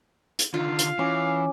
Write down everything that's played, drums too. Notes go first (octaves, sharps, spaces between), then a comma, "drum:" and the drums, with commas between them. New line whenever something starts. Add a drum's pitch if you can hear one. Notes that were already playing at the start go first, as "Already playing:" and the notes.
drum: hi-hat
D3 D#3 F4 F5
drum: hi-hat
E3 C#4 D6